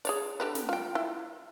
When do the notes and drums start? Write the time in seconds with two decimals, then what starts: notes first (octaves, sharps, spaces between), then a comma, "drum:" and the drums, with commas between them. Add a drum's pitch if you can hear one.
0.05 G#4 C#5 D5, drum: open hi-hat
0.40 D3 G4 B4
0.55 drum: snare
0.69 F4 G5
0.95 E4